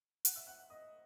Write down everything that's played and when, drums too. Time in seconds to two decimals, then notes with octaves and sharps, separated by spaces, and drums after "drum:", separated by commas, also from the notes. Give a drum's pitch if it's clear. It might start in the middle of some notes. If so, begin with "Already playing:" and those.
0.25 F#5 F#6, drum: hi-hat
0.36 E5 E6
0.47 F#5 F#6
0.70 D#5 D#6